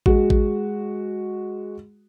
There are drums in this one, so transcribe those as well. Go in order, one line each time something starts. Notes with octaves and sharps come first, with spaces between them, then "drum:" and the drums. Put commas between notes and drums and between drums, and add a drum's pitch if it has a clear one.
G#3 F#4, drum: kick A1
drum: kick A1